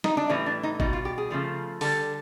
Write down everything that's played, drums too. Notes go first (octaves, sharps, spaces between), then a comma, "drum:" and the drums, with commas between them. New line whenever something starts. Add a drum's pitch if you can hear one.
D#4, drum: snare
D4
A2 E3 G3 C#4
D4
D#4
B2 G3 D#4, drum: kick G1
F4
G4
G#4
C#3 F3 A3
D3 G3 A4, drum: open hi-hat